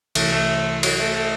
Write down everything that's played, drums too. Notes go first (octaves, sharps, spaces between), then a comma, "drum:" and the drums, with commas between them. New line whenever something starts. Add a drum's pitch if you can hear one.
C2 C3 E3 A3, drum: cymbal
A3
F#3, drum: cymbal
A3
A3